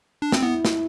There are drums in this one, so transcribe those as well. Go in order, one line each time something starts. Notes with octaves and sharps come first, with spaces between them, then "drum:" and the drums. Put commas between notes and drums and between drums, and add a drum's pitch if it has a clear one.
D4
C4, drum: snare
B3 E4
drum: snare